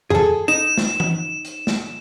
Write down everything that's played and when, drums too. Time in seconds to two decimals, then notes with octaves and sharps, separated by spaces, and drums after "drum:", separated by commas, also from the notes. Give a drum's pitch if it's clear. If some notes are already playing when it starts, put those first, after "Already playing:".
0.10 G#4 A4, drum: tom E2
0.48 D#4 E7
0.78 drum: snare
1.00 drum: tom E3
1.45 drum: hi-hat
1.67 drum: snare